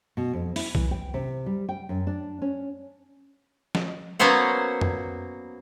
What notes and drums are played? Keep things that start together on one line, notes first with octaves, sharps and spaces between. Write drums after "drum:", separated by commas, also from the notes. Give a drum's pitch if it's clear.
B2
F2
E4, drum: open hi-hat
E3, drum: kick C2
G5
C3
G3
G5
F#2
D4
C#4
drum: snare
F#3 A#3 B3 C#4 C5 F#5
drum: tom